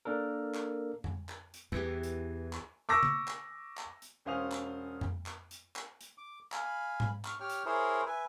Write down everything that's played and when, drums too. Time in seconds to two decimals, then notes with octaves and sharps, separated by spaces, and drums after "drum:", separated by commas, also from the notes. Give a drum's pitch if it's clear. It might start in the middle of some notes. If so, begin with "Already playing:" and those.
0.05 A#3 D4 A4 A#4
0.54 drum: clap
1.04 drum: tom F2
1.29 drum: clap
1.54 drum: hi-hat
1.72 E2 E3 G4
2.03 drum: hi-hat
2.53 drum: clap
2.89 C#6 D6 E6 A#6
3.03 drum: tom C#3
3.28 drum: clap
3.77 drum: clap
4.02 drum: hi-hat
4.25 E1 C#4 C5 F5 D#6 F7
4.52 drum: clap
5.01 drum: tom F2
5.26 drum: clap
5.51 drum: hi-hat
5.76 drum: clap
6.01 drum: hi-hat
6.18 D6
6.52 F5 G#5 B5, drum: clap
7.00 drum: tom G#2
7.25 C#6 F6, drum: clap
7.40 G4 C#5 G5 F6
7.50 drum: hi-hat
7.65 E4 G#4 A#4 C5 C#5
8.06 B4 E5 G#5